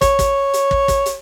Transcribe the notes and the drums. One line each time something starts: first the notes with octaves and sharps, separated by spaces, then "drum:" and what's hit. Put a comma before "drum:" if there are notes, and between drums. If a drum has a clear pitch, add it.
C#5, drum: kick, hi-hat
drum: kick, hi-hat
drum: hi-hat
drum: kick
drum: kick, hi-hat
drum: hi-hat